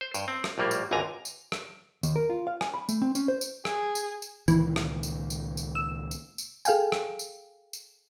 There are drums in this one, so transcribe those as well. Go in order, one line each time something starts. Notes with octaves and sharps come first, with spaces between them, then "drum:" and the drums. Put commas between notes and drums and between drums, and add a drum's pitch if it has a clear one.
C5
G2, drum: tambourine
C4
drum: rim click
A#1 A2 G3 A#3
drum: tambourine
G#1 C#2 G#2 D3 G#5 A#5
drum: tambourine
drum: rim click
D#2, drum: tambourine
A#4
F4
F5
G#5, drum: rim click
B5
A3, drum: tambourine
C4
C#4, drum: tambourine
C5
drum: tambourine
G#4, drum: rim click
drum: tambourine
drum: tambourine
C#2 A#2 D#3 E3, drum: tambourine
drum: rim click
drum: tambourine
drum: tambourine
drum: tambourine
E6
drum: tambourine
drum: tambourine
G#4 A4 F5 G5 G#5, drum: tambourine
drum: rim click
drum: tambourine
drum: tambourine